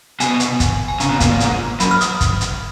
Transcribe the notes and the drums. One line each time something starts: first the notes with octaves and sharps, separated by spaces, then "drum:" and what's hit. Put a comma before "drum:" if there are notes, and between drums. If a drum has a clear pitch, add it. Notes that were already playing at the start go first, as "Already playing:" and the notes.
B2 G#5, drum: hi-hat
drum: hi-hat
drum: kick, hi-hat
G#5
C#3 A#5, drum: hi-hat
B2
A#2, drum: kick, hi-hat
A#2
G#2, drum: hi-hat
F#2 B5, drum: hi-hat
F6
D#6, drum: hi-hat
drum: kick, hi-hat
drum: hi-hat